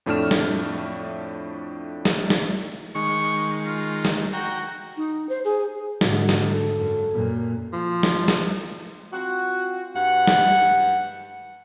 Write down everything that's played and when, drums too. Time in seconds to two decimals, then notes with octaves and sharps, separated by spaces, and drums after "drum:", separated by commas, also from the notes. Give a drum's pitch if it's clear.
0.06 F2 A2 A3 D4 F6 E7
0.31 drum: snare
2.05 drum: snare
2.30 drum: snare
2.95 D#3 G#3 C#6
3.65 F4
4.05 drum: snare
4.33 F#4 G5 A#5
4.97 D#4
5.29 C5
5.45 G#4
6.01 G#2 D3 F#4, drum: snare
6.29 drum: snare
6.46 A4
6.78 F#2
7.12 F#2 A#2
7.73 F3
8.03 drum: snare
8.28 drum: snare
9.13 C4 F4 F#4
9.96 G2 F#5
10.27 drum: snare